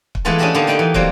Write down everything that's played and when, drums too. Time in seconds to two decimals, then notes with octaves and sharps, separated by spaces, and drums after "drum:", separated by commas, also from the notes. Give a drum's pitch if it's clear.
0.15 drum: kick
0.25 E3 G#3 A3 B3 F4 A4
0.39 C#4 D4 G4 D#5 E5 F#5
0.54 D3 A#3 B3 D#4
0.67 A3 D#4 G5 B5
0.79 E3
0.94 F#3 G3 A#3 C4, drum: kick